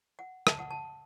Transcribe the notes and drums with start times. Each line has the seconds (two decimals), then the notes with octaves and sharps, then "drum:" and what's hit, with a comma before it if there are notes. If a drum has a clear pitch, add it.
0.19 F#5
0.47 A5, drum: rim click
0.59 F#5
0.71 A5